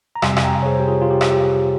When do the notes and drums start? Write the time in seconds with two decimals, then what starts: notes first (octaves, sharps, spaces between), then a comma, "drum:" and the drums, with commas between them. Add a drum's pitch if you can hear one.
0.16 A#5
0.22 F2 C3 G3 G#5 C6, drum: rim click
0.37 G#5, drum: rim click
0.44 G5 A#5
0.63 C#5
0.66 G#4 C5
0.80 G4
0.88 F4 G#4
1.02 F4
1.10 G4
1.21 drum: rim click
1.31 G4